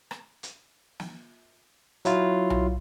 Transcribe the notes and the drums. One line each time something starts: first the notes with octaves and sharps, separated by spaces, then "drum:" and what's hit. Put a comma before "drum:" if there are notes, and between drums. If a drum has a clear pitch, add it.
drum: rim click
drum: hi-hat
drum: snare
F#3 E4 F4, drum: hi-hat
drum: tom B1